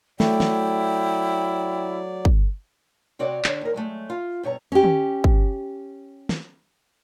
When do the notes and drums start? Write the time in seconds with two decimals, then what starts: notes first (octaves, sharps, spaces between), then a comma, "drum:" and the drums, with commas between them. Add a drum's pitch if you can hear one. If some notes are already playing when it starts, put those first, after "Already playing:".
0.20 F#3 A3 E4 D5 G5, drum: snare
0.40 drum: snare
2.25 drum: kick
3.19 C3 C4 F#4 C#5 D5 F#5
3.44 D3 C#5, drum: clap
3.61 D#2 A#4
3.74 F#3 G#3 A3
4.10 F4
4.43 G2 B2 C#5 A#5
4.72 C#4 G4
4.84 drum: tom
5.24 drum: kick
6.29 drum: snare